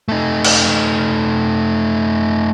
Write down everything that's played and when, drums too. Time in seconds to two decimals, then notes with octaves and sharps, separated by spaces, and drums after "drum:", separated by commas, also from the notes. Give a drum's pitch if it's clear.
0.09 A3 D#4
0.45 drum: cymbal